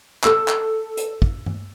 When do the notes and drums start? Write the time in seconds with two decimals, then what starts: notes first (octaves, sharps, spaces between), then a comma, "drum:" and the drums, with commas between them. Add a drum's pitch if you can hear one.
0.24 A4 E6, drum: clap
0.48 drum: clap
0.97 drum: hi-hat
1.22 drum: kick
1.46 drum: tom G2